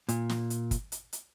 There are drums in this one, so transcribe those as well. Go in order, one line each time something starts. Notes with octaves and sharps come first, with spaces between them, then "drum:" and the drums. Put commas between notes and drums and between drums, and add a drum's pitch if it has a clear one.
A#2, drum: hi-hat
drum: snare
drum: hi-hat
drum: kick, hi-hat
drum: hi-hat
drum: hi-hat